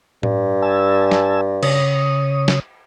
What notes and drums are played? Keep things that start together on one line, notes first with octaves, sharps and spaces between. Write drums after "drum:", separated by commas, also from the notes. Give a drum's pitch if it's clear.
G2, drum: tom A2
G#5 A5 E6
drum: snare
C#3 C#5 D#6, drum: cymbal
drum: snare